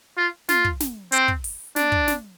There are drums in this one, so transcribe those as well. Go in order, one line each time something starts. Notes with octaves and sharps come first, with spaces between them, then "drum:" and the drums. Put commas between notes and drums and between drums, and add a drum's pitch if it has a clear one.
F4
F4, drum: snare
drum: kick
drum: snare
C4, drum: hi-hat
drum: kick
drum: open hi-hat
D4, drum: snare
drum: kick
drum: snare